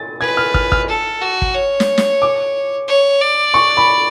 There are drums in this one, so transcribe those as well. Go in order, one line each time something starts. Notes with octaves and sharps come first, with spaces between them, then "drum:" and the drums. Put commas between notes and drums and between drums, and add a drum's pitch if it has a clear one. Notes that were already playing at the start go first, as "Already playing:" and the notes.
Already playing: A6
B4 G#6
F6
F6, drum: kick
F6, drum: kick
A4
F#4
drum: kick
C#5
drum: snare
drum: snare
D6
C#5
D5
C#6
B5